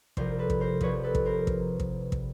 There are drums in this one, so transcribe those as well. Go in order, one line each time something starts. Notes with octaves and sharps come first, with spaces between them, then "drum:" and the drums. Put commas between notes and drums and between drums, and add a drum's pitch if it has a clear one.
C2 C3 F3 A#4 C5, drum: kick
A4 B4
drum: kick
A#4 C5
C2 C3 F3 B4 C#5, drum: kick
A4 B4
drum: kick
A#4 C5
drum: kick
drum: kick
drum: kick